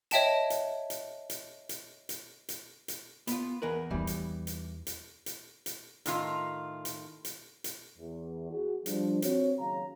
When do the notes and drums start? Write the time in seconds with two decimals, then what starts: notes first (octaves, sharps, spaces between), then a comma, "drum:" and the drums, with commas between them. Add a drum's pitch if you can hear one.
0.11 C#5 D#5 E5 G5 A5 E7, drum: hi-hat
0.50 drum: hi-hat
0.90 drum: hi-hat
1.30 drum: hi-hat
1.69 drum: hi-hat
2.09 drum: hi-hat
2.49 drum: hi-hat
2.88 drum: hi-hat
3.27 B3 F4, drum: hi-hat
3.62 E2 A#4 B4
3.90 E2 E3 G3 B3 D#4
4.07 drum: hi-hat
4.47 drum: hi-hat
4.87 drum: hi-hat
5.26 drum: hi-hat
5.66 drum: hi-hat
6.06 A2 D#3 F4, drum: hi-hat
6.85 drum: hi-hat
7.25 drum: hi-hat
7.64 drum: hi-hat
7.98 E2
8.51 F#4 G#4
8.86 F3 G3 D4, drum: hi-hat
9.22 C4 F#4 C#5, drum: hi-hat
9.59 D#2 C#3 F#3 F#4 F5 A#5